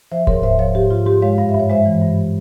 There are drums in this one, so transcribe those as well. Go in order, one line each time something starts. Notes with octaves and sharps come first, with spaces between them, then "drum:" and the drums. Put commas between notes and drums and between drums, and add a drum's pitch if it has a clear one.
F3 C5 E5
G#2 A#4 C#5, drum: kick D1
G#2 C5 E5
F3 C#5 F5
G#2 G4
G#2 F4
G#2 G4
G#3 C#5 F5
G2 F5
E5
G2
C#5
G#3 C5 E5
E3
G2